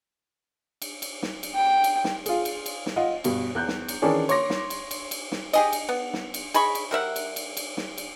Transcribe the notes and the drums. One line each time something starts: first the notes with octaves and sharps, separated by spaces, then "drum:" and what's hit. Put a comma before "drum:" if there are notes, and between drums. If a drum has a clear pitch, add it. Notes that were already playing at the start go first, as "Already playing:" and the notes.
drum: cymbal
drum: cymbal
drum: snare
drum: cymbal
G5
drum: cymbal
drum: snare
F4 G#4, drum: cymbal
drum: cymbal
drum: cymbal
drum: snare
F4 D#5 F#5
G2 B2, drum: cymbal
E2 F#6 G6
drum: snare
drum: cymbal
D#3 E3 C#4 D4 G#4
C#5 C6 D6 A#6, drum: cymbal
drum: snare
drum: cymbal
drum: cymbal
drum: cymbal
drum: snare
G4 G#4 D#5, drum: cymbal
drum: cymbal
B3
drum: snare
drum: cymbal
G#4 D#5 B5 C#6, drum: cymbal
drum: cymbal
G3 A#4 E5 F#5
drum: cymbal
drum: cymbal
drum: cymbal
drum: snare
drum: cymbal